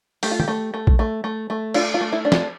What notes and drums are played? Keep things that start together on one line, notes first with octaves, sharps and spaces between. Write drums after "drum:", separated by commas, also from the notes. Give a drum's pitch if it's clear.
A3 G4, drum: open hi-hat
F4
G4, drum: tom
A3
A3
drum: kick A#1
A3
A3
A3
D4 F4, drum: cymbal
F4
A3
E4
D4
F4, drum: snare